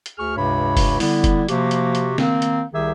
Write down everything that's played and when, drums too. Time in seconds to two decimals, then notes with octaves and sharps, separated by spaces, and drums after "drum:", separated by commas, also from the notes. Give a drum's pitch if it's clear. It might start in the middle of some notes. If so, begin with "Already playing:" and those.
0.06 drum: hi-hat
0.19 D2 G#4 C#6 F6
0.36 C#2 G2 C3 C#5 B5
0.77 drum: kick F1, open hi-hat
1.00 D3 G3 B3 E4, drum: open hi-hat
1.24 drum: kick F1, hi-hat
1.48 C3 F3 A#3 F#4 G4, drum: hi-hat
1.71 drum: hi-hat
1.95 drum: hi-hat
2.18 D#3 A#3 C4, drum: snare
2.42 drum: hi-hat
2.73 C2 D#3 G4 G#4 E5